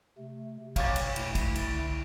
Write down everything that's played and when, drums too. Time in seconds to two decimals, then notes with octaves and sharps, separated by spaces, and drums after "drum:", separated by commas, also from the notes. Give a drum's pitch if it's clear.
0.18 C3 A3
0.76 F2 B2 C#5 F5 C#6 D6 A6, drum: kick, cymbal
0.96 drum: cymbal
1.16 A3 E4, drum: cymbal
1.35 drum: kick, cymbal
1.55 C2 D3, drum: cymbal